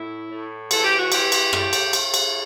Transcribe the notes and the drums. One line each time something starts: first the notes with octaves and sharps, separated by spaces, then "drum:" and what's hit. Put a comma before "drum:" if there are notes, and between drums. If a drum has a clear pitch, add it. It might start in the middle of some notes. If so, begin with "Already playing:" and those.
Already playing: A2 E4
A2
E3 A4, drum: cymbal
G4
F#4
E3 G4, drum: cymbal
drum: cymbal
A2, drum: rim click
drum: cymbal
A2, drum: cymbal
drum: cymbal